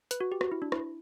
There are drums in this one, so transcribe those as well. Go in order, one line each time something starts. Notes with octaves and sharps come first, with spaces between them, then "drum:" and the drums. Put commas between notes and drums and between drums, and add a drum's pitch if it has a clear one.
B4, drum: hi-hat
F#4
G4
F#4, drum: rim click
E4
D4
E4, drum: rim click